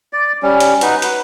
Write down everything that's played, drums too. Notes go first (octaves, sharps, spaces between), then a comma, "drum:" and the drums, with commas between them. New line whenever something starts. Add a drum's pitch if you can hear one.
D5
G3 C#4
drum: hi-hat
D#4 F#4 B4, drum: hi-hat
B4, drum: hi-hat